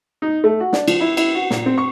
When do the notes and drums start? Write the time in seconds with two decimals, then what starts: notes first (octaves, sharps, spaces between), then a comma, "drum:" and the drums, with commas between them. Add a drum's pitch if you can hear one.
0.22 D#4
0.44 A3
0.60 F#4
0.73 D4, drum: snare
0.88 F3, drum: cymbal
1.01 E4
1.17 E4, drum: cymbal
1.35 F#4
1.50 A#2, drum: snare
1.66 C4
1.78 C#6